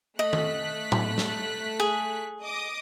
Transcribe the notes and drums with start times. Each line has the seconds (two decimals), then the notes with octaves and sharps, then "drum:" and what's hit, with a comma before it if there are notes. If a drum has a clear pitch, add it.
0.19 A3 D#5 F#6 B6
0.33 drum: tom D#3
0.92 drum: tom
1.18 drum: snare
1.80 G#4
2.42 D#5 D6 D#6